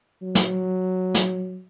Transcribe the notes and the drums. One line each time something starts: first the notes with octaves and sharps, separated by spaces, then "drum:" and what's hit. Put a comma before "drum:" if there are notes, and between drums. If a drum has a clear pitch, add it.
F#3
drum: snare
drum: snare